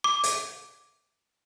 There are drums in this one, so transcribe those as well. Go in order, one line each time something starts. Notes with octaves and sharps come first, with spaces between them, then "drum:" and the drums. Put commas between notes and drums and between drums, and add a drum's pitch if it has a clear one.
D6
drum: hi-hat